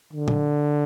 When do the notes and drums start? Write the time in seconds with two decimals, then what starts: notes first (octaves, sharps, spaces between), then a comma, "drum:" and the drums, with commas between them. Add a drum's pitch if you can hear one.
0.13 D3
0.28 drum: tom A#2